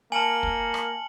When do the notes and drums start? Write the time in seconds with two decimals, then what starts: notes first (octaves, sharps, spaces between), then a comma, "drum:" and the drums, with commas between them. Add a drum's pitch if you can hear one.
0.12 A#3 G#5 A5 F6 C#7 F#7
0.43 drum: kick
0.74 drum: rim click